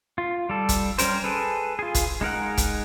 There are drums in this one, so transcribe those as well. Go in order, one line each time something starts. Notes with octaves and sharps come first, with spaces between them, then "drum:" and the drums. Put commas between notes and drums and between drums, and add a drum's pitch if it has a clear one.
F4
G3 A4
drum: kick, hi-hat
G3 C#4 A#4 C5, drum: hi-hat
G#4 A4 B4
F4 G#4
drum: kick, hi-hat
G#3 D#4 A#4 F#5
drum: kick, hi-hat